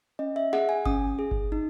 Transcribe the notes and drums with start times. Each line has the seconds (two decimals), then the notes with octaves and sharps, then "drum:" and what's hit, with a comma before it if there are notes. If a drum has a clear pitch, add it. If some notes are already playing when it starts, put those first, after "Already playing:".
0.19 C#4 D#5
0.36 E5
0.53 G#4 F#5, drum: snare
0.69 G#5
0.86 C#4 D#6, drum: kick G1
1.19 G#4
1.31 drum: kick G1
1.52 D#4